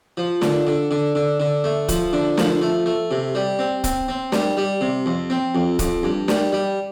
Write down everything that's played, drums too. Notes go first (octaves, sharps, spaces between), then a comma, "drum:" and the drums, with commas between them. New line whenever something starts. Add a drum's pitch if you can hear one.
F3
D3, drum: snare
D3
D3
D3
D3
A3
F3, drum: kick, hi-hat
D3
F3, drum: snare
A3
A3
C3
G3
C4
C4, drum: kick, hi-hat
C4
G3, drum: snare
G3
C3
F2
C4
F2
F2, drum: kick, hi-hat
G2
G3, drum: snare
G3